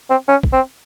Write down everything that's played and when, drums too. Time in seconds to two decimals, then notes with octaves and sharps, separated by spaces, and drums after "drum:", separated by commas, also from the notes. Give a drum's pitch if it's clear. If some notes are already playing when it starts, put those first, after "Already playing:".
0.10 C4
0.28 C#4
0.43 drum: kick
0.53 C4